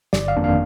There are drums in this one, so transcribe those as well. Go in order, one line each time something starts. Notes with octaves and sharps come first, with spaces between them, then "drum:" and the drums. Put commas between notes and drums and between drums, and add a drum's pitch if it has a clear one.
G1 D5, drum: snare
F5
F2 D#3 A#3 D4
F5